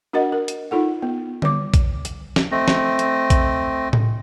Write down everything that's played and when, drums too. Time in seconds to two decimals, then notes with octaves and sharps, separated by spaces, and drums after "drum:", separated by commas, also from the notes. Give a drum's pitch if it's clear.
0.13 D4 F#4 A#4 D#5 F#5
0.32 A#4
0.48 drum: hi-hat
0.71 D#4 F4 A4 F#5
1.02 B3
1.42 G3 D6, drum: tom D3
1.74 drum: kick A#1, hi-hat
2.05 drum: hi-hat
2.36 drum: snare
2.51 A3 C4 D#5
2.68 drum: snare
2.99 drum: hi-hat
3.30 drum: kick A#1, hi-hat
3.93 drum: tom A2